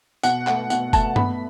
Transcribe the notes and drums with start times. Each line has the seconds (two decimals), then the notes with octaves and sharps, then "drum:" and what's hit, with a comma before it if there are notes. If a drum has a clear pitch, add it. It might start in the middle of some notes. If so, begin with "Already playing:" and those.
0.23 B2 F#5, drum: tambourine
0.47 A3 F#5, drum: clap
0.70 B2 F#5, drum: tambourine
0.93 A3 A5, drum: kick F1, tambourine
1.16 B3 B5, drum: tom G2